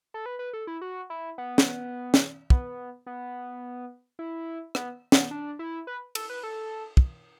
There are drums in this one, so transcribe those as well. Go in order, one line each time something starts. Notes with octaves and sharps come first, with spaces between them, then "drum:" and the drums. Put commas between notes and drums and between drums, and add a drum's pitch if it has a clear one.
A4
B4
B4
A4
E4
F#4
E4
B3
drum: snare
drum: snare
B3, drum: kick
B3
E4
B3, drum: rim click
B3, drum: snare
D4
E4
B4
A4, drum: cymbal
B4
A4
drum: kick